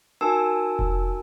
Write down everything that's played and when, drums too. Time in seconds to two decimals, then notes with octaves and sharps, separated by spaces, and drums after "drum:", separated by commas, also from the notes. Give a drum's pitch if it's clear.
0.21 D#4 F#4 A#4 G#5 A5 E6
0.79 drum: kick F1